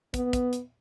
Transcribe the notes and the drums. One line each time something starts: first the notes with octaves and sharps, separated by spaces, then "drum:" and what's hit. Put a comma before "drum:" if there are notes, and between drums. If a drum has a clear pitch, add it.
B3, drum: kick, hi-hat
drum: kick, hi-hat
drum: hi-hat